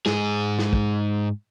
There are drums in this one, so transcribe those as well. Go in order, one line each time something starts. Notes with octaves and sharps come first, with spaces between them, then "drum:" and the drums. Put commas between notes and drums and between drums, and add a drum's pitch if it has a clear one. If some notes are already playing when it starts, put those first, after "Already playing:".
G#2 G#4, drum: snare
drum: snare
drum: kick